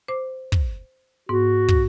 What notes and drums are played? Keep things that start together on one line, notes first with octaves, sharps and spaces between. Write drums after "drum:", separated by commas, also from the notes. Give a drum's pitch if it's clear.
C5 D6
drum: kick
G#2 B3 F#4
drum: kick